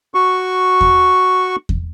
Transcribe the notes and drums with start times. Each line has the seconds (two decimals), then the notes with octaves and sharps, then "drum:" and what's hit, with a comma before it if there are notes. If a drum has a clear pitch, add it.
0.14 F#4 C#6
0.81 drum: kick E2
1.69 drum: kick E2